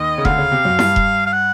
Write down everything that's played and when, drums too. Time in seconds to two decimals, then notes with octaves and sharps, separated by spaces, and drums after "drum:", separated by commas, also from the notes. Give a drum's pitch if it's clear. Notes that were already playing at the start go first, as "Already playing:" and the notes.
Already playing: D#2 D#3 D#5
0.18 C#3
0.25 D2 D3 F5, drum: kick E1
0.38 C#3
0.52 C3
0.65 F#2 F#3
0.79 G2 G3, drum: snare E4
0.96 drum: kick E1
1.26 F5
1.32 F#5